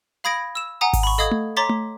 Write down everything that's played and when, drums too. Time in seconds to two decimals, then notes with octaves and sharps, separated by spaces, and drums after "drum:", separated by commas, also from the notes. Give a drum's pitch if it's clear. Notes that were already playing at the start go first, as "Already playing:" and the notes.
0.24 F5 B5 D#6 G#6 A#6 D7
0.55 E6 E7
0.81 F#5 G#5 A#5 D#6
0.93 drum: kick G#1, open hi-hat
1.03 B5 C#6
1.18 A4 D#5 F5 D#6 G#6
1.31 drum: tom A3
1.57 C#5 A#5 C6 D6 A6 B6
1.69 drum: tom A3